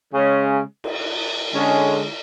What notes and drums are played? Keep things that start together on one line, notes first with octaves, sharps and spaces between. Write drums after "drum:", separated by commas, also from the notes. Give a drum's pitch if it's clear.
C#3 G#3 C#4
drum: cymbal
D3 G#3 C#4